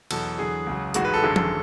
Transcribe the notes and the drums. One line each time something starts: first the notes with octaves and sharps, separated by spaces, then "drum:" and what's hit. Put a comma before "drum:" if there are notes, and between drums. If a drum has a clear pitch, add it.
E2 B2 F#3 A4, drum: cymbal
E2 D3 F#3 G#4
C#2 C#3 F#3
A1 G#2 G#3 F#4, drum: hi-hat
B4
A4
G#1 F#2 D3 G#3
drum: tom F3